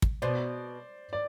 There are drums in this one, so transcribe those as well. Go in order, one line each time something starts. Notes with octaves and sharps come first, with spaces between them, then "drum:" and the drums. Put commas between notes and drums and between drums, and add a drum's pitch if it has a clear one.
drum: kick
B2 C5 D5
D5